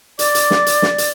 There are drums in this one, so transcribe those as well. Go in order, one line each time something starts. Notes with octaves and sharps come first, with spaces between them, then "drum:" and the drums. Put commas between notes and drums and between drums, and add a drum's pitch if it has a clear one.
D5 D6, drum: hi-hat
drum: hi-hat
drum: snare
drum: hi-hat
drum: snare
drum: hi-hat